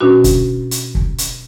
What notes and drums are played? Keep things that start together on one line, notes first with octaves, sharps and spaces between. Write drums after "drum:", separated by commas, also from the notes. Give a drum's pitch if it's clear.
B2 C#4 D4 F#4
drum: kick, hi-hat
drum: hi-hat
drum: kick
drum: hi-hat